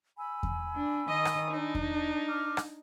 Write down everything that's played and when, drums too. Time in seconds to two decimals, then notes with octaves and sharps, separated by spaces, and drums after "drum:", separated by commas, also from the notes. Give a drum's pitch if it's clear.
0.17 G#5 B5 E6
0.43 drum: kick E2
0.76 D4
1.08 D#3 D#5 D#6
1.25 drum: rim click
1.50 D4 D#4
1.75 drum: kick E2
2.28 D6 F6
2.57 drum: rim click